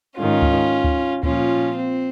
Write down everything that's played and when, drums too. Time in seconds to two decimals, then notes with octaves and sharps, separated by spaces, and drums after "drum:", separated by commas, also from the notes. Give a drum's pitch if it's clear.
0.18 G#2 D#3 C#4 F4
0.42 drum: kick D2
0.84 drum: kick D2
1.23 A#2 F3 C#4 F4, drum: kick D2
1.76 C4